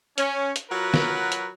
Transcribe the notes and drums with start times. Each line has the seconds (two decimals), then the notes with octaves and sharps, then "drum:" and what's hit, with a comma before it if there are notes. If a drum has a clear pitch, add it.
0.18 C#4, drum: hi-hat
0.56 drum: hi-hat
0.71 F#3 F4 F#4 A#4 B4
0.94 drum: snare
1.32 drum: hi-hat